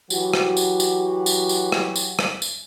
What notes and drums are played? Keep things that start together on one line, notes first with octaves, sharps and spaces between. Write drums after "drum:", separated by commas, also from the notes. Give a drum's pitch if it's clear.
E3 F#3 F#4 G4, drum: tambourine
drum: rim click
drum: tambourine
drum: tambourine
drum: tambourine
drum: tambourine
drum: rim click
drum: tambourine
drum: rim click
drum: tambourine